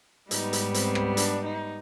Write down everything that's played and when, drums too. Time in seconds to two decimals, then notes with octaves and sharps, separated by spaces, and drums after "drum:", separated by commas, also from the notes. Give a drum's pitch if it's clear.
0.31 G#2 G3 B3 D#4, drum: hi-hat
0.53 drum: hi-hat
0.74 C4, drum: hi-hat
0.95 drum: rim click
1.17 D4, drum: hi-hat
1.45 D#4